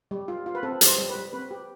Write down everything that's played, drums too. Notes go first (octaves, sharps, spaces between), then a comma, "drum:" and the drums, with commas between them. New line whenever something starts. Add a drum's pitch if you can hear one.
G3
F4
F4
B4
C4 A4
G3, drum: hi-hat
C5
G3
B4
G3
C4 B4
G4